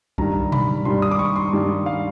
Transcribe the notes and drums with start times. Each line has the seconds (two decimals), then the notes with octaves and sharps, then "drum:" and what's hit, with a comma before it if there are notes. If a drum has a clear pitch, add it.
0.18 G2 D#3 G3 A#5, drum: kick C2
0.52 B5, drum: tom B2
0.85 G2 D#3 G3 C6
1.02 D#6
1.11 D6
1.19 C#6
1.36 C6
1.53 G2 D#3 G3
1.86 F5